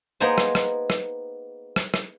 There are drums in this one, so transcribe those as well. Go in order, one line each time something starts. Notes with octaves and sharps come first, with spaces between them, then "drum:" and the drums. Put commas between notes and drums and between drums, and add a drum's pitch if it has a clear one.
A#3 B3 D#4 G#4 C5
drum: rim click
drum: rim click
drum: rim click
drum: rim click
drum: rim click